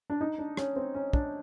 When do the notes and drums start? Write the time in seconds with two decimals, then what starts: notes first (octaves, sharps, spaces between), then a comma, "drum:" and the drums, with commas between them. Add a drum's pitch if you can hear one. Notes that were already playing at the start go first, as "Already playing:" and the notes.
0.10 D4
0.21 D#4
0.38 D4
0.57 C#4, drum: rim click
0.76 C4
0.95 C#4
1.13 D4, drum: kick